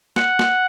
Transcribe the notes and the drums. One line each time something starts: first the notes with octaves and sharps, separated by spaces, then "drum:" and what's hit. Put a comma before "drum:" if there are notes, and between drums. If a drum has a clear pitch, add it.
F#5, drum: snare
drum: snare